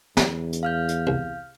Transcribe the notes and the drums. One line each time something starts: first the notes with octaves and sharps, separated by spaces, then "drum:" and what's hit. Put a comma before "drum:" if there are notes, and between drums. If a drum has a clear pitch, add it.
E2, drum: snare
drum: hi-hat
F5 F6 G6
drum: hi-hat
C2